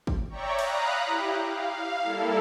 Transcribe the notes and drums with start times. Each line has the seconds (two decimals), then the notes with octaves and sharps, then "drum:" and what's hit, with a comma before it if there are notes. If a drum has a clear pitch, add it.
0.07 drum: kick
0.29 C#5 D5 E5 G5 A#5 C#6
0.59 F5 A#5 B5 D#6 F#6, drum: cymbal
1.06 E4 G4
1.45 F5
2.04 G3 A#3 E4 A4